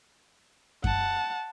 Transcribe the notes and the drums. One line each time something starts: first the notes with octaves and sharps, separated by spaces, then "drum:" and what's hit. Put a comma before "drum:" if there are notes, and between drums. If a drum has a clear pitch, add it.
F#5 A5, drum: kick F#2